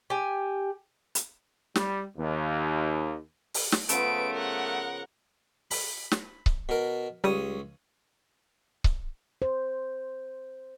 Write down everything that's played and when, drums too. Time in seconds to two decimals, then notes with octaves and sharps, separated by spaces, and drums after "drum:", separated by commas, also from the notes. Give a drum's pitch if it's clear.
0.10 G4 G#5
1.15 drum: hi-hat
1.75 G3, drum: snare
2.18 D#2
3.54 drum: open hi-hat
3.72 drum: snare
3.89 C#3 F3 A3 B3 B4 D7, drum: hi-hat
4.33 A#4 F#5
5.71 B5, drum: open hi-hat
6.11 drum: snare
6.46 drum: kick C#1
6.69 B2 A#4
7.24 C#2 G3 C#5 D#6
8.84 drum: kick C#1
9.42 C5